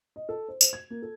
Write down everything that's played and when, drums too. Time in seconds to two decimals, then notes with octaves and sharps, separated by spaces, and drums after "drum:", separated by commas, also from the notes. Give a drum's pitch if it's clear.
0.16 D#5
0.29 A4
0.48 C5
0.61 C5, drum: tambourine
0.73 G#6
0.90 A#3
1.02 A4